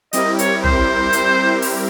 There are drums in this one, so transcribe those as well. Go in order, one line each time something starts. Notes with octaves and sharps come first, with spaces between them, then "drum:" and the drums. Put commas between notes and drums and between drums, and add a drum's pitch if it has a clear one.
G3 C4 E4 G4 A#4 D#5, drum: hi-hat
C#5, drum: hi-hat
C5, drum: tom
drum: hi-hat
drum: open hi-hat